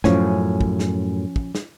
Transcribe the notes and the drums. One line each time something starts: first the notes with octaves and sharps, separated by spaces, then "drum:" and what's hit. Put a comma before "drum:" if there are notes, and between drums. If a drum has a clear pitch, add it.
F#2 A2 F3 C#4 G#5, drum: snare
drum: kick
drum: snare
drum: kick
drum: snare